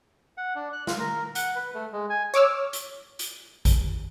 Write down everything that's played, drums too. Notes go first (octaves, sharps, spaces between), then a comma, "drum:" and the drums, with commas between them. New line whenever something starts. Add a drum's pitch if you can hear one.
F#5
D4
F#6
F4, drum: snare
A#4
F#5, drum: hi-hat
B4
A3
G#3
G#5
C#5 D6 E6 F6
drum: hi-hat
drum: hi-hat
drum: kick G#1, hi-hat